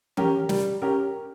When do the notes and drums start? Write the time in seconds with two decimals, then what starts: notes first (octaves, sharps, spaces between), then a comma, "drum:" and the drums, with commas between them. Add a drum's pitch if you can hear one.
0.17 C#4 G4 A#4, drum: tom E3
0.49 G3, drum: snare
0.82 C#4 G4 A#4